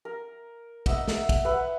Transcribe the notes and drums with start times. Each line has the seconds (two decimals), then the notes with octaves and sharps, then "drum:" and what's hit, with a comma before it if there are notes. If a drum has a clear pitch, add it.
0.05 A#4
0.86 D#5 E5 F#5, drum: kick, cymbal
1.08 drum: snare
1.29 drum: kick, cymbal
1.45 B4 E5 F#5